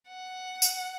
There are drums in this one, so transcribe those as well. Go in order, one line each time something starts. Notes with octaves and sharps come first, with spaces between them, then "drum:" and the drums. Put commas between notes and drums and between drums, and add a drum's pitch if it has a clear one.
F#5
drum: tambourine